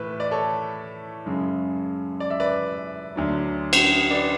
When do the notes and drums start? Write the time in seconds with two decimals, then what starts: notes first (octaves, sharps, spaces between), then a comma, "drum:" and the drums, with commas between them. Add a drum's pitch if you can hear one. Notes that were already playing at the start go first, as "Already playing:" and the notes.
Already playing: A2 E3 A3 B4
0.20 D5
0.31 A4 C#5
1.26 F#2 C#3 G#3
2.20 D5
2.30 E5
2.40 B4 D5
3.16 D2 D3 F#3
3.73 drum: cymbal
4.11 B4 D5